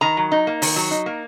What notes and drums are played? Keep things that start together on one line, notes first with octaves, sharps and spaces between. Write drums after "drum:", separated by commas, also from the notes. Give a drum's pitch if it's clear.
D#3 A#5
F#3
D#4
A#3
D#3, drum: open hi-hat
F#3
D#4
A#3